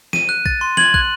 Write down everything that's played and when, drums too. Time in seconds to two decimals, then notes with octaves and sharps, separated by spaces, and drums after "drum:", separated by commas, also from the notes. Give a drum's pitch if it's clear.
0.13 D#7, drum: snare
0.29 F#6
0.46 A6, drum: kick
0.61 C6
0.77 G#6 F#7, drum: snare
0.94 F#6, drum: kick